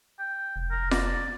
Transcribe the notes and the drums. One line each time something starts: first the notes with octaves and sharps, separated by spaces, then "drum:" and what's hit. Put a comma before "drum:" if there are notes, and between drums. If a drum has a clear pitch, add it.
G5
F1
A#4
D5, drum: snare F4